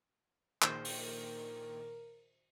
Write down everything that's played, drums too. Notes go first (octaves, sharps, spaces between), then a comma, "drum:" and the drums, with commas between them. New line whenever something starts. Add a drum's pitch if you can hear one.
A#1 A#2 D#3 G#4 C5, drum: clap
drum: open hi-hat
A#4